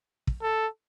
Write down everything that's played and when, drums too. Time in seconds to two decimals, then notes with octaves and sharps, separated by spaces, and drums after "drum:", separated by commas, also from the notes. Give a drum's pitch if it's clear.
0.27 drum: kick
0.42 A4